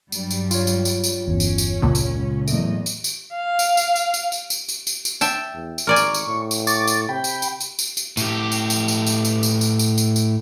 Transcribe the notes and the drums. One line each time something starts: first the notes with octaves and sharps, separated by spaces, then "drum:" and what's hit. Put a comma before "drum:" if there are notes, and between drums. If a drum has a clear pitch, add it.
G2 F#3 G3, drum: tambourine
drum: tambourine
F4 C#5, drum: tambourine
drum: tambourine
drum: tambourine
drum: tambourine
G1 E2 C#4
drum: tambourine
drum: tambourine
C#2 A#2
drum: tambourine
E2 A2 F#3 A3 A#3 D#5, drum: tambourine
drum: tambourine
drum: tambourine
F5
drum: tambourine
drum: tambourine
drum: tambourine
drum: tambourine
drum: tambourine
drum: tambourine
drum: tambourine
drum: tambourine
drum: tambourine
E5 G5 A5, drum: tambourine
E2
drum: tambourine
G#1 A#4 D5 G#5 C#6
drum: tambourine
drum: tambourine
A2
drum: tambourine
C#6 D6 A6, drum: tambourine
drum: tambourine
C3 G5 B5
drum: tambourine
drum: tambourine
drum: tambourine
drum: tambourine
drum: tambourine
A2 G4, drum: tambourine
drum: tambourine
drum: tambourine
drum: tambourine
drum: tambourine
drum: tambourine
drum: tambourine
drum: tambourine
drum: tambourine
drum: tambourine
drum: tambourine